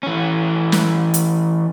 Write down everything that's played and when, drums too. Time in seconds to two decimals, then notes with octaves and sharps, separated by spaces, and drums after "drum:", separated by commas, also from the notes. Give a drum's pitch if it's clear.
0.03 E3 C#4
0.72 drum: snare
1.14 drum: hi-hat